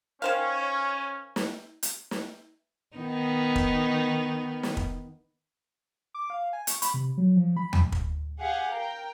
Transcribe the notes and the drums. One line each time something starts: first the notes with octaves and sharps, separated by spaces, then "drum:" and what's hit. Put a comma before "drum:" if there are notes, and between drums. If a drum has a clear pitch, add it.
D#3 C#4 C5 F5
drum: snare
drum: hi-hat
drum: snare
D#3 B3 D#4
drum: kick
drum: snare
drum: kick
D6
F5
G#5
C#6, drum: hi-hat
B5, drum: hi-hat
C3
F#3
F3
B5
drum: tom
drum: kick
G4 G#4 F5 F#5
A#4 G5